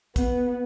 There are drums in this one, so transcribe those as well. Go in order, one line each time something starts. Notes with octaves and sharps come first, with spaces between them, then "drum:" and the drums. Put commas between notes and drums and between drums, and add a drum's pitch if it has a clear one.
B3, drum: kick, hi-hat